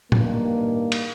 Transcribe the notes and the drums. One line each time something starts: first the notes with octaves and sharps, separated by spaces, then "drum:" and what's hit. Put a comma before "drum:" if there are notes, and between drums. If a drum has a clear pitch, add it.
G2 D#3 A#3, drum: tom A2
drum: cymbal